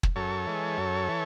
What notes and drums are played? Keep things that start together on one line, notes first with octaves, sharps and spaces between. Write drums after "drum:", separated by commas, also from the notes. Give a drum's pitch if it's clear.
drum: kick
F#2 A4 C#5
E3 G#3
F#2
E3